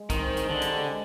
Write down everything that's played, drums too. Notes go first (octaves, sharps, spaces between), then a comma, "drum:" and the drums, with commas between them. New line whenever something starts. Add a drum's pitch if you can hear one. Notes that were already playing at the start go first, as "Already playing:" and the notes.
Already playing: G#3
D#3 C4, drum: kick, hi-hat
drum: hi-hat
D3
G3, drum: hi-hat
G#3